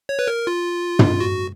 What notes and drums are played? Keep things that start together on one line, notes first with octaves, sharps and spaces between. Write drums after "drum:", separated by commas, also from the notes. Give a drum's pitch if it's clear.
C#5
B4
A#4
F4
drum: tom
F#4